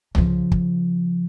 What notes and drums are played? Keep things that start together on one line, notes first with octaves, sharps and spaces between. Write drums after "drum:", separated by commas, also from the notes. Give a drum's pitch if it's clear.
C#3 F3, drum: tom C2
drum: kick